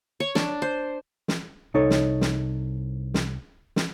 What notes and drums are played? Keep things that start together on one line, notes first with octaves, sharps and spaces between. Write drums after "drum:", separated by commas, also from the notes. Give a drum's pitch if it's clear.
C#5
D4, drum: snare
C5
drum: snare
C2 D#4 A4 C#5
drum: snare
drum: snare
drum: snare
drum: snare